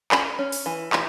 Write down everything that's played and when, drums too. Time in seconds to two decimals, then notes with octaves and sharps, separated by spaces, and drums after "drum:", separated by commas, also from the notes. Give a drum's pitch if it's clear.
0.12 C#4 B5, drum: clap
0.39 C#4
0.52 drum: open hi-hat
0.66 E3
0.93 E3, drum: clap